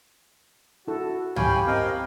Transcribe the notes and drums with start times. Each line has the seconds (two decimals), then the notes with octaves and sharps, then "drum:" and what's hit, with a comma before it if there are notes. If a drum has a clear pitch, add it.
0.88 E4 F#4 A4
1.36 C#4 G4 F5 G5 G#5 B5, drum: tom
1.67 C4 A#4 D#5 F5 G5